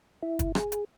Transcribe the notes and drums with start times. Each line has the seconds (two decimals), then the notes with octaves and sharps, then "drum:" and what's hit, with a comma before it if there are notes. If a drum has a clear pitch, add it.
0.23 E4
0.39 drum: kick, hi-hat
0.55 G#4, drum: rim click
0.72 drum: hi-hat